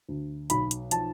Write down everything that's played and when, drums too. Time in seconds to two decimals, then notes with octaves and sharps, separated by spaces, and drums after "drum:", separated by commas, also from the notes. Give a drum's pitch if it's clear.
0.08 D2
0.50 B1 B5, drum: hi-hat
0.71 drum: hi-hat
0.91 F3 A5, drum: hi-hat